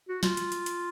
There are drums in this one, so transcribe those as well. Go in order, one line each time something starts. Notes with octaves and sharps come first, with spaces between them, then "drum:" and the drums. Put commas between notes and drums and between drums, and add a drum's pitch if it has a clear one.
F#4
F4, drum: snare
drum: hi-hat
drum: hi-hat
drum: hi-hat